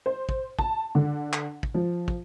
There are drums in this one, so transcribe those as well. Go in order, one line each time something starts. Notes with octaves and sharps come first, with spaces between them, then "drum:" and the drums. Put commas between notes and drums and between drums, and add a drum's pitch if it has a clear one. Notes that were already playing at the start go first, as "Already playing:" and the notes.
C5
drum: kick
A5, drum: kick
D3
drum: clap
drum: kick
F3
drum: kick